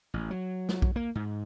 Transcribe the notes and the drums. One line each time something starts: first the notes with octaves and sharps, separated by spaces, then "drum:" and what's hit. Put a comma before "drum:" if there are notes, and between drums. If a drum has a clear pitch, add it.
A1
F#3
drum: snare
drum: kick
A#3
G#2